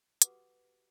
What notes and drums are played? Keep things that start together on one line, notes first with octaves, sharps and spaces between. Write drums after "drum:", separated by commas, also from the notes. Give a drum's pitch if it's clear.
F#4 G4 A4 B4 F#5 D6, drum: hi-hat